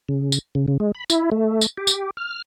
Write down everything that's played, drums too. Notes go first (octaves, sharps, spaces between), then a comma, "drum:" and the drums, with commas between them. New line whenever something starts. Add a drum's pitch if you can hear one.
C#3
drum: tambourine
C#3
C#3
G#3
B5
E4, drum: tambourine
A3
drum: tambourine
G4
drum: tambourine
F6